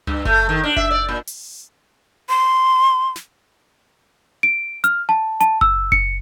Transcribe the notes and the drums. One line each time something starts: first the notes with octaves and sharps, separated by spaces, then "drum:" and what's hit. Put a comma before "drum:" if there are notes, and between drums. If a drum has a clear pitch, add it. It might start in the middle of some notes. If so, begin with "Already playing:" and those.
G2, drum: tom C#2
A3, drum: kick F#1
D#3
D4
E5, drum: kick F#1
D5
A#2
drum: open hi-hat
C6
drum: snare
D7
F6, drum: hi-hat
A5
A5, drum: hi-hat
E6, drum: kick F#1
C#7, drum: kick F#1